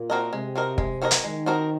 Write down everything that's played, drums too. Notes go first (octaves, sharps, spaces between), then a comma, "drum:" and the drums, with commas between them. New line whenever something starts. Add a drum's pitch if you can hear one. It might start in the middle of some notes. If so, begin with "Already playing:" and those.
Already playing: A#2
C4 F#4 A#4 D#5
C3 G#3
C4 F#4 A#4 D#5
G#3, drum: kick
C4 F#4 A#4 D#5
drum: hi-hat
D#3 G#3
C4 F#4 A#4 D#5